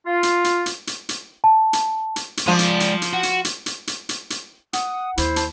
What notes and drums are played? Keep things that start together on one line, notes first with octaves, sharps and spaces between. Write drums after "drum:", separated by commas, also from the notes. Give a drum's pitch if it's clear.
F4
drum: hi-hat
drum: hi-hat
drum: hi-hat
drum: hi-hat
drum: hi-hat
A5
drum: hi-hat
drum: hi-hat
drum: hi-hat
F3 G#3 D5
drum: hi-hat
drum: hi-hat
drum: hi-hat
F#4
drum: hi-hat
drum: hi-hat
drum: hi-hat
drum: hi-hat
drum: hi-hat
drum: hi-hat
F#5 D#6, drum: hi-hat
D#2 E4 C5, drum: hi-hat
A5, drum: hi-hat